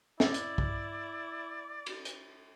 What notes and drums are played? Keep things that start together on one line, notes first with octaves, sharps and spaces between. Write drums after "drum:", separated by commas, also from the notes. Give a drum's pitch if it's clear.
E4 D5, drum: snare
drum: hi-hat
drum: kick
drum: cymbal
drum: hi-hat